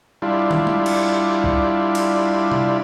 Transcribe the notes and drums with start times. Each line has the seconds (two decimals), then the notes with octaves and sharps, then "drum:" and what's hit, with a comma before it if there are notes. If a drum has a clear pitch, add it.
0.22 G3 D4 E4 F4
0.51 drum: tom
0.67 drum: tom
0.86 drum: cymbal
1.44 drum: kick
1.95 drum: cymbal
2.52 drum: tom C3